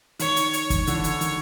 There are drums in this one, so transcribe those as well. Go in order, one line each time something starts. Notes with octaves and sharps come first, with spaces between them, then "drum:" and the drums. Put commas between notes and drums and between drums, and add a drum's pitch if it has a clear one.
D#3 C#5, drum: hi-hat
drum: hi-hat
C#5, drum: hi-hat
drum: kick, hi-hat
D3 E3, drum: hi-hat
drum: hi-hat
D#3, drum: hi-hat